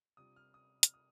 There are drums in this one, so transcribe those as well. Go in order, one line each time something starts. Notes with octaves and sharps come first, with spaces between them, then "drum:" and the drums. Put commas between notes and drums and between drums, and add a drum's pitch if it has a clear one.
C3 G3 D4 F4 D#6
F6
D#6
F6, drum: hi-hat
D#6